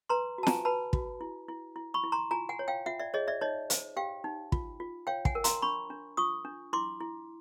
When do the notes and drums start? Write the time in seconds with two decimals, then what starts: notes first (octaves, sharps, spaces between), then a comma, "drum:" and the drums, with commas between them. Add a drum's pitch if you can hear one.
0.10 B4 A#5 C6
0.38 F#4 A5
0.47 G#5 A#5, drum: snare
0.65 B4 A5 B5
0.93 F#4, drum: kick
1.21 E4
1.49 E4
1.76 E4
1.94 B5 C#6
2.04 E4
2.12 A#5 C6
2.31 F4 G#5 A#5
2.49 F#5 G#5
2.59 C#5
2.68 F5 G5
2.86 F4 E5 F#5
3.00 D5 E5
3.14 G#4 C#5 D#5
3.28 D5 E5
3.41 D#4 C#5 D#5
3.70 C5, drum: hi-hat
3.97 G4 F5 G5
4.24 D#4
4.52 F4, drum: kick
4.80 F4
5.07 C#5 F5 G5
5.25 F#5 G#5, drum: kick
5.35 A#4
5.44 A#5 C6, drum: hi-hat
5.62 D4 B5 C#6
5.90 D4
6.17 F4 C#6 D#6
6.45 D4
6.73 E4 C6 D6
7.01 E4